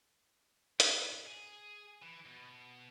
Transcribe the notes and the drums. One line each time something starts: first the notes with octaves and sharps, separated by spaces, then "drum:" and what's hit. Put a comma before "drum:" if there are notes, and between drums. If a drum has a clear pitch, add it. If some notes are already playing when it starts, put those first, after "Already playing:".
A#2 B5, drum: hi-hat
G#4
E3
B2